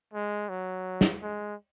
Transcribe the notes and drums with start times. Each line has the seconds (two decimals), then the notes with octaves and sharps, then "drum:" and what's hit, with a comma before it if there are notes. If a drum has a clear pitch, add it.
0.14 G#3
0.49 F#3
1.01 drum: snare
1.22 G#3